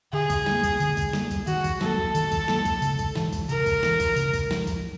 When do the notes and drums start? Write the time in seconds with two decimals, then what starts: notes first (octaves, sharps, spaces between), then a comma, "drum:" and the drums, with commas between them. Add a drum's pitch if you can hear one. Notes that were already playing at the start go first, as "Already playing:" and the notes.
0.13 D3 G#4
0.30 drum: kick, tambourine
0.46 G3 A#3, drum: snare
0.63 drum: kick, tambourine
0.80 D3, drum: tambourine
0.97 drum: kick, tambourine
1.13 G3 A#3, drum: snare
1.31 drum: kick, tambourine
1.47 D#3 F#4, drum: tambourine
1.64 drum: kick, tambourine
1.81 F#3 A#3 A4, drum: snare
1.98 drum: kick
2.15 D#3, drum: tambourine
2.32 drum: kick, tambourine
2.48 F#3 A#3, drum: snare
2.65 drum: kick, tambourine
2.82 C#3, drum: tambourine
2.99 drum: kick, tambourine
3.15 E3 G#3, drum: snare
3.33 drum: kick, tambourine
3.49 C#3 A#4, drum: tambourine
3.66 drum: kick, tambourine
3.83 E3 G#3, drum: snare
4.00 drum: kick, tambourine
4.16 C#3, drum: tambourine
4.33 drum: kick, tambourine
4.51 F3 G#3, drum: snare
4.67 drum: kick, tambourine